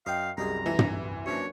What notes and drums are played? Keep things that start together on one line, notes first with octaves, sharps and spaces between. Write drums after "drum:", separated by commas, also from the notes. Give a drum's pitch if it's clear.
F#2 D#5 F5 G5 C7
C2 F#2 G3 D#4 G#4 A#5
E3 A4
drum: tom
F#2 F3 F#3 A#3 D4 C#5